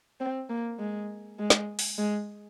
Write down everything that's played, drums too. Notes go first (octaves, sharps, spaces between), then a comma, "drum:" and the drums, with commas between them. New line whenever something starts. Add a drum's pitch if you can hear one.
C4
A#3
G#3
G#3
drum: snare
drum: open hi-hat
G#3